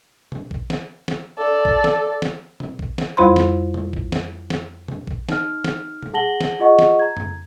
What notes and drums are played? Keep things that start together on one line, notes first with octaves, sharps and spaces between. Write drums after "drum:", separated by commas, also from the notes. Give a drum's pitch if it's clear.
drum: tom B2
drum: kick A#1
drum: snare
drum: snare
A4 D5
drum: kick A#1
drum: snare
drum: snare
drum: tom B2
drum: kick A#1
drum: snare
F2 G3 F4 C5 B5 C6
drum: snare
drum: tom B2
drum: kick A#1
drum: snare
drum: snare
drum: tom B2
drum: kick A#1
D#4 F6, drum: snare
drum: snare
drum: tom B2
G#4 F#5 A5 A#6 F#7 G7
drum: snare
F4 G#4 D#5 F#5 C#6
drum: snare
A#5 G#6
drum: tom F2